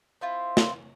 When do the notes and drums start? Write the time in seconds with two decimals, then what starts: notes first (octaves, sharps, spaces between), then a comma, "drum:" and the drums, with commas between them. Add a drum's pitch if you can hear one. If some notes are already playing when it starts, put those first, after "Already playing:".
0.21 C4 E4 F4
0.57 drum: snare